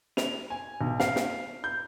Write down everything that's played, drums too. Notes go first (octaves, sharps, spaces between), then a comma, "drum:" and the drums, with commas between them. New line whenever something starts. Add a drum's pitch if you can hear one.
F7, drum: snare
G#5
B1
F5, drum: snare
drum: snare
G6